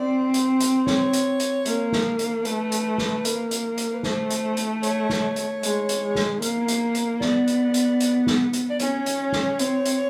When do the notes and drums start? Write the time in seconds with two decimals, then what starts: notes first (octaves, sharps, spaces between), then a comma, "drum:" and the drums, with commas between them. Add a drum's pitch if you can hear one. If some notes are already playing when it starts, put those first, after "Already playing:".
Already playing: C4 D5
0.34 drum: hi-hat
0.60 drum: hi-hat
0.87 C#5, drum: snare
1.13 drum: hi-hat
1.40 drum: hi-hat
1.65 A#3, drum: hi-hat
1.92 drum: snare
2.19 drum: hi-hat
2.45 A3 B4, drum: hi-hat
2.72 drum: hi-hat
2.98 drum: snare
3.25 A#3, drum: hi-hat
3.51 drum: hi-hat
3.77 drum: hi-hat
3.94 B4
4.03 A3 C5, drum: snare
4.30 drum: hi-hat
4.57 drum: hi-hat
4.83 C#5, drum: hi-hat
5.10 drum: snare
5.36 drum: hi-hat
5.63 G#3, drum: hi-hat
5.89 drum: hi-hat
6.03 G#3
6.15 drum: snare
6.42 A#3, drum: hi-hat
6.68 drum: hi-hat
6.95 drum: hi-hat
7.21 B3 D5, drum: snare
7.47 drum: hi-hat
7.74 drum: hi-hat
8.00 drum: hi-hat
8.27 drum: snare
8.53 drum: hi-hat
8.70 D5
8.79 C#4 C#5, drum: hi-hat
9.06 drum: hi-hat
9.32 drum: snare
9.59 C4, drum: hi-hat
9.85 drum: hi-hat